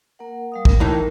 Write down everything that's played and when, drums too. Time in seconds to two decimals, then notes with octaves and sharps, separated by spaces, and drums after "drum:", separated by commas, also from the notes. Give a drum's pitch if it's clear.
0.19 A#3 A#4 F#5
0.52 G3 F5 D#6
0.65 A#4 G5, drum: kick
0.80 A2 E3 D#4